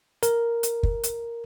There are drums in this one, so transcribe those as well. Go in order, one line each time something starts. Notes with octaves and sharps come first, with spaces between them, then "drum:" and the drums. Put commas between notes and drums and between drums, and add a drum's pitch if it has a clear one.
A#4, drum: hi-hat
drum: hi-hat
drum: kick
drum: hi-hat